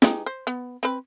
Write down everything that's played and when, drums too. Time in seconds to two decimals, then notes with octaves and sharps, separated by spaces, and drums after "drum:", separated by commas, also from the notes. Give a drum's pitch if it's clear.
0.02 G#3 D#4 G4, drum: snare
0.26 C5
0.47 B3
0.83 C4 B4